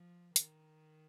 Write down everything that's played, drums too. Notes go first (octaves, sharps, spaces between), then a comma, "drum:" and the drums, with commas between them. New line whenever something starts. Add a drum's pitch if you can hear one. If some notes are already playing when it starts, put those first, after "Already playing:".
Already playing: F3
D#3, drum: hi-hat